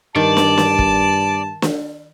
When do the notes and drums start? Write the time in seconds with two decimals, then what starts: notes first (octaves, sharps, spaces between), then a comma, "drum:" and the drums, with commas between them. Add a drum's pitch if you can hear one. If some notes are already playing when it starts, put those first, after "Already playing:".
0.16 G2 D#3 D5 A5
0.37 drum: snare
0.58 drum: snare
0.78 drum: kick
1.62 drum: snare